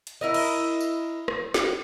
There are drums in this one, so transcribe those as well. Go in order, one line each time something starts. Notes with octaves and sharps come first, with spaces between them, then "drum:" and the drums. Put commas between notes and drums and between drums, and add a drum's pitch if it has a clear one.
drum: hi-hat
E4 A#4 D#5
drum: cymbal
drum: tambourine
drum: rim click
drum: snare